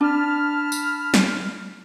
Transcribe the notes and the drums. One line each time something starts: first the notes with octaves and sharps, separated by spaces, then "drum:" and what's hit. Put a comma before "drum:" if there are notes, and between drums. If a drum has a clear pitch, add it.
D4 A5 B5 F6
drum: tambourine
drum: snare